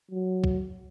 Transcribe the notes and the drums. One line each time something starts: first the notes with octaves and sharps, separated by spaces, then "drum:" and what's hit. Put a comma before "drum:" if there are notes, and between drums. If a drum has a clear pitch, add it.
F#3
drum: kick B1